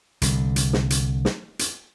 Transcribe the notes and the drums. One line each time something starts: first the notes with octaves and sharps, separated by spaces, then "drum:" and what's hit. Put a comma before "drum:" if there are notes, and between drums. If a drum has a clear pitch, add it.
C2 D3, drum: hi-hat
drum: hi-hat
drum: snare
drum: hi-hat
drum: snare
drum: hi-hat